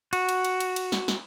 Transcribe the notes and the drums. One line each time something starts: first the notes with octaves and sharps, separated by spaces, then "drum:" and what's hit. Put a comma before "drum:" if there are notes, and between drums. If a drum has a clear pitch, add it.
F#4, drum: cymbal
drum: cymbal
drum: cymbal
drum: cymbal
drum: cymbal
drum: snare
drum: snare